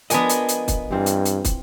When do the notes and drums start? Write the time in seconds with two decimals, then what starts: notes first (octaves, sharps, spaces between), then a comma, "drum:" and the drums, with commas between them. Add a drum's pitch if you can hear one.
0.10 F3 B3 D4 A#4 D#5 G#5, drum: hi-hat
0.29 drum: hi-hat
0.49 drum: hi-hat
0.68 drum: kick, hi-hat
0.91 G2 E3 C4 F4
1.06 drum: hi-hat
1.25 drum: hi-hat
1.45 drum: kick, hi-hat